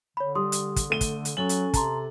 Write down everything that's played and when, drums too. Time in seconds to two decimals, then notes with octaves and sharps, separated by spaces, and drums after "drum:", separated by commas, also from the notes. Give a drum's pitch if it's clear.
0.17 D3 C#5 B5
0.35 G3 C6 D#6
0.52 drum: hi-hat
0.76 drum: kick, hi-hat
0.90 A3 D#7 G7
1.01 drum: kick, hi-hat
1.25 drum: hi-hat
1.37 F#3 C#4 A4 G#5 F#7
1.49 drum: hi-hat
1.74 C3 A4 A5 A#5 C6, drum: kick, hi-hat